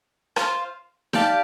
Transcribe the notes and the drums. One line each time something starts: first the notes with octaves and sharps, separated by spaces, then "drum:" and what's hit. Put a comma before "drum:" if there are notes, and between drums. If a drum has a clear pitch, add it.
F4 C5 F5, drum: rim click
G4 D5 F5 A5, drum: snare D#4